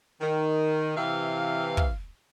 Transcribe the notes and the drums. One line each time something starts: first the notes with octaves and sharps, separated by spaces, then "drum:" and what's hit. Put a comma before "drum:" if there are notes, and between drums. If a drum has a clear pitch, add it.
D#3
C3 E3 F5
drum: kick